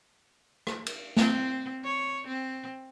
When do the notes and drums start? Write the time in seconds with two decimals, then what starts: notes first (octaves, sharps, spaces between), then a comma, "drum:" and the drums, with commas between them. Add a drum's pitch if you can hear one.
0.67 drum: rim click
0.86 drum: cymbal
1.17 C4, drum: snare A3
1.84 C#5
2.27 C4